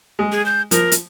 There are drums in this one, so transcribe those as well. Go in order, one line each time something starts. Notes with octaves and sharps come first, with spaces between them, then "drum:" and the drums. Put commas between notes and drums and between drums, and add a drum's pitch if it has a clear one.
G#3
G#4
G6
F3 A#4, drum: hi-hat
drum: hi-hat